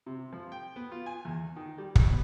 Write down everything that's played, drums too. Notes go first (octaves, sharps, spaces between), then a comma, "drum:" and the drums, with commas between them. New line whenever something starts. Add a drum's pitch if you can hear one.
C3
F3
G5
B3
F4
G#5
E2
D#3
G3
A1, drum: kick
B3